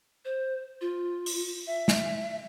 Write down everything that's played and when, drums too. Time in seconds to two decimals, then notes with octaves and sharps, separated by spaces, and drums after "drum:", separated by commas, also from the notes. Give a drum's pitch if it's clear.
0.25 C5
0.81 F4
1.26 drum: open hi-hat
1.67 E5
1.88 drum: snare